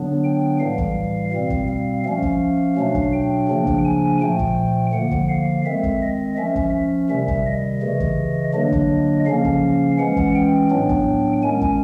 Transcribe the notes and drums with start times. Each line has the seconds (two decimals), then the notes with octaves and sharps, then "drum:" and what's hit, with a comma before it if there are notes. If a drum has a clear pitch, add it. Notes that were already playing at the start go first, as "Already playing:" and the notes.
Already playing: D3 F#3 B3 D4
0.24 G5
0.60 A2 E3 G3 F5
0.78 drum: kick
1.32 B2 G3 C4 F5
1.50 drum: kick
1.68 F5
2.04 F3 A3 C#4 F5
2.22 drum: kick
2.76 B2 F#3 A3 D4
2.94 drum: kick
3.13 G5
3.49 C#3 F3 A#3 D4
3.67 drum: kick
3.85 G#5
4.21 A#2 F3 A3 G5
4.39 drum: kick
4.93 D3 F3 A#3 F#5
5.11 drum: kick
5.29 F5
5.65 D#3 G#3 C4 E5
5.83 drum: kick
6.02 D#5
6.37 F3 A3 C#4 E5
6.56 drum: kick
7.10 C3 D#3 G3 E5
7.28 drum: kick
7.46 D#5
7.82 C#3 E3 A3
8.00 drum: kick
8.54 D3 F#3 A#3 D4 D#5
8.72 drum: kick
9.26 C#3 F3 A#3 C#4 F5
9.44 drum: kick
9.98 E3 G#3 C#4 F#5
10.17 drum: kick
10.35 G5
10.71 A2 F#3 B3 D4
10.89 drum: kick
11.43 D#3 G#3 C#4 G#5
11.61 drum: kick